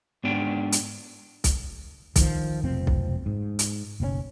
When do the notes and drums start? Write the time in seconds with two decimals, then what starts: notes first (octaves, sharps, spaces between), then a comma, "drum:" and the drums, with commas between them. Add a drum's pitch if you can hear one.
0.24 G#2 B3 D4 G5
0.72 drum: hi-hat
1.44 drum: kick B1, hi-hat
2.16 D#3 F3, drum: kick B1, hi-hat
2.64 F1 B1 F3 C4
2.87 drum: kick B1
3.26 G#2
3.59 drum: hi-hat
4.00 F#1 B1 B2 C#4